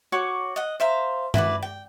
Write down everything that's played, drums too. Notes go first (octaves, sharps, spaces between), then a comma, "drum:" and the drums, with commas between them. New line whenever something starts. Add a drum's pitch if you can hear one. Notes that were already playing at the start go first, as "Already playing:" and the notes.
F#4 C#5 D6
D#5 F#5
C5 E5 F5 A#5
E4 F#4 B4 D5, drum: tom G2
G5